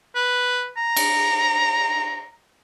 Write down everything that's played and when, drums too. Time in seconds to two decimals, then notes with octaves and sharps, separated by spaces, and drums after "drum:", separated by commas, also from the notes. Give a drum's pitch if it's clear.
0.15 B4
0.77 A#5
0.96 drum: cymbal